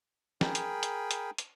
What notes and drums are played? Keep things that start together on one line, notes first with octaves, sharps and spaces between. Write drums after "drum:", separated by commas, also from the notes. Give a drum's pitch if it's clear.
G#4 A#4 G5 B5, drum: snare
drum: hi-hat
drum: hi-hat
drum: hi-hat
drum: hi-hat